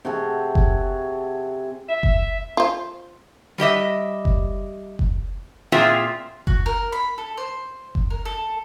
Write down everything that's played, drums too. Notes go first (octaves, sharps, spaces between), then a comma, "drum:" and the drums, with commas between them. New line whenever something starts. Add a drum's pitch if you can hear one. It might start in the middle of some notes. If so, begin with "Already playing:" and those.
C3 F#4 G#4 A4
drum: kick F#1
E5
drum: kick F#1
F4 C5
G3 G4 D#5 E5
drum: kick F#1
drum: kick F#1
A#2 C4 F4 G#4 E5
F#4, drum: kick F#1
A#4
B5
A4
C5
drum: kick F#1
A#4
A4